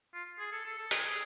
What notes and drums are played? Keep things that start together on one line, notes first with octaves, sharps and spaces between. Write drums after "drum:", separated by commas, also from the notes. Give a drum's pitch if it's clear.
F4
G#4
A4
A4
A4
G#4, drum: hi-hat